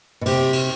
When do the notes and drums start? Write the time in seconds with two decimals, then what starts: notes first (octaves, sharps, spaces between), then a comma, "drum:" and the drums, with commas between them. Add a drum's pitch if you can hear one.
0.21 B2
0.26 C3 G4, drum: cymbal
0.53 drum: cymbal